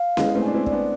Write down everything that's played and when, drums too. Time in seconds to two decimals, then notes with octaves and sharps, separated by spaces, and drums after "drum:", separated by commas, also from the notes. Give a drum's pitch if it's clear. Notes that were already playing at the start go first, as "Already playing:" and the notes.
Already playing: F5
0.17 G#3 B3 E4, drum: snare C#4
0.35 A3 C4
0.42 D4 G#5
0.54 C4 E4
0.66 D5, drum: kick
0.71 B3 D4